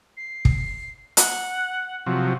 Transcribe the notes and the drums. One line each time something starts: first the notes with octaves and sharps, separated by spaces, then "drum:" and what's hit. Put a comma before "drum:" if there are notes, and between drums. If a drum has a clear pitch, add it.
C7
drum: kick
F#5, drum: hi-hat
C3 F3 F#3